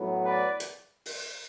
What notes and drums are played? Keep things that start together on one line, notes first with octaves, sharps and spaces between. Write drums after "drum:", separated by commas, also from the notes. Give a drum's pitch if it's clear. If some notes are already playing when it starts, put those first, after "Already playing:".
Already playing: A2 F#3 B3
B4 D5
drum: hi-hat
drum: open hi-hat